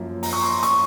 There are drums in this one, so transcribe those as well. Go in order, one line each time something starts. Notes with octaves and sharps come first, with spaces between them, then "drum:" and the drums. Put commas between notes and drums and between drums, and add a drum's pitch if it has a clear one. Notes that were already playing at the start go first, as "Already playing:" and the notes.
Already playing: F#2 F3 A#3
A#5, drum: open hi-hat
C#6
C6
C#6, drum: hi-hat